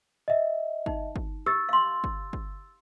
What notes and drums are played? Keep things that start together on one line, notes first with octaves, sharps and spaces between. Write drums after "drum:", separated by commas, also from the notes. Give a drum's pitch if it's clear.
D#5 E5
D#4, drum: kick
drum: kick
G4 E6 A6
F5 C6
drum: kick
drum: kick